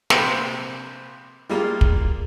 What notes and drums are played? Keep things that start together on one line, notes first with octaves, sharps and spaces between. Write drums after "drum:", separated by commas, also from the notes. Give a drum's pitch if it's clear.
A#1 C3 B4 C5 G5 E6, drum: snare
G3 G#3 A#3 F4
drum: kick